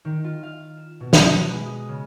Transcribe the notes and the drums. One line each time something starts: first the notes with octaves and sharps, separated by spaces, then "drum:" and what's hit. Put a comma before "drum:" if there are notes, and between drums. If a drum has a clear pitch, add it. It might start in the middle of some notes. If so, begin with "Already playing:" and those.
D#3
F4
F5
E7
B2
B5, drum: snare
F#6
G#3
D#6
C#3